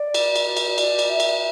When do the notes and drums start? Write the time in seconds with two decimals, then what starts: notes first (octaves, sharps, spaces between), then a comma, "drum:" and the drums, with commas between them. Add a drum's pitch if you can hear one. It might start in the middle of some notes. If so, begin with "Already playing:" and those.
Already playing: D5
0.14 drum: cymbal
0.36 drum: cymbal
0.57 drum: cymbal
0.78 D5, drum: cymbal
0.99 drum: cymbal
1.09 E5
1.20 drum: cymbal